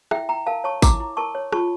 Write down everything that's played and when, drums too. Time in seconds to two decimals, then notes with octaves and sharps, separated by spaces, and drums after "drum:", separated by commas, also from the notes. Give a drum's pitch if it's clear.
0.11 E4 E5 G5, drum: rim click
0.29 E4 G5 A#5
0.46 A#4 F5 A5
0.64 C#5 A5 C#6
0.82 E4 A#5 D6, drum: kick A1, tambourine
1.00 E4
1.17 A#4 A5 C#6
1.35 C#5
1.52 F4 A5 C#6, drum: rim click